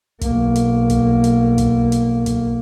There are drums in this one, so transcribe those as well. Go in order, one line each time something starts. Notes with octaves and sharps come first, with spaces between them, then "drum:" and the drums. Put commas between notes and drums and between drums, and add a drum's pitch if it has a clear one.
B1 A#3, drum: kick, hi-hat
drum: hi-hat
drum: kick, hi-hat
drum: hi-hat
drum: kick, hi-hat
drum: hi-hat
drum: kick, hi-hat